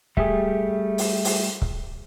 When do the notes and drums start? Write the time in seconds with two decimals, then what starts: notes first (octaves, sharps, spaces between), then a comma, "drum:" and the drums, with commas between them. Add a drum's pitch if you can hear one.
0.17 G3 A3 G4 G#4 E5, drum: kick C#1
0.98 drum: open hi-hat
1.25 drum: open hi-hat
1.62 drum: kick C#1